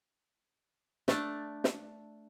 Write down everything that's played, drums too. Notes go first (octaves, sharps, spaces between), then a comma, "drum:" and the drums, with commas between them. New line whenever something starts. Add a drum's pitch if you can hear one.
A3 D4, drum: snare
drum: snare